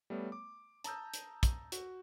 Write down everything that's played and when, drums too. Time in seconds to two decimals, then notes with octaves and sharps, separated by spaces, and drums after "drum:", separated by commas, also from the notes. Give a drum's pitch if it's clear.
0.10 G3 A3 B3 C#5
0.32 D6
0.84 A5 A#5 D#6 E6 G6, drum: hi-hat
1.14 drum: hi-hat
1.43 drum: kick, hi-hat
1.72 F#4, drum: hi-hat